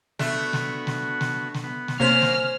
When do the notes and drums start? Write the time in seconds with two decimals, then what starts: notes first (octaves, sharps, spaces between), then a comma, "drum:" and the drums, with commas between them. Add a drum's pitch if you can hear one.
0.19 A3 B3 D4 F#4, drum: snare
0.53 drum: snare
0.87 drum: snare
1.21 drum: snare
1.54 drum: snare
1.64 B3
1.88 drum: snare
2.00 C3 A#3 C#4 A#4 C5 F5 G#5 F6
2.22 drum: snare